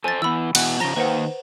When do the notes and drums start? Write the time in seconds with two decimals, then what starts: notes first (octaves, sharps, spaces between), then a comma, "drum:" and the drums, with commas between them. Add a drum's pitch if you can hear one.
0.04 A4 C5 G#5 A6
0.22 E3 B3 B5 E6
0.55 B2 E3 F#5 F#6, drum: cymbal
0.80 C#3 F3 A#5 A#6 G7
0.96 D#3 A#3 B4 C5 F#5